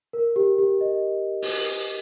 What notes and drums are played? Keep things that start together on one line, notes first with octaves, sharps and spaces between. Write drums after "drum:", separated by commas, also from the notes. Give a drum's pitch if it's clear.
A#4
G4
G4
D#5
drum: open hi-hat